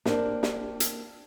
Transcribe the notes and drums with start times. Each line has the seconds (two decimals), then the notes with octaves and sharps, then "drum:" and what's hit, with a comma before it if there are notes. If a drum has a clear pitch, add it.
0.06 A#3 C4 D4, drum: snare
0.43 drum: snare
0.80 drum: hi-hat